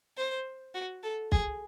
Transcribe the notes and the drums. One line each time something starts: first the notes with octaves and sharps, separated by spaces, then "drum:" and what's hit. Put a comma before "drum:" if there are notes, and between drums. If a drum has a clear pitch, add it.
C5
F#4
A4
G#4, drum: kick